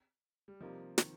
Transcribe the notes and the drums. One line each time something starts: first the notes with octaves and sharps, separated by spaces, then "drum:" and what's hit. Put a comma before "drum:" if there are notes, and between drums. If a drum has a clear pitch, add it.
G3
C3 F3 G3 A#3 D#4
D#3, drum: snare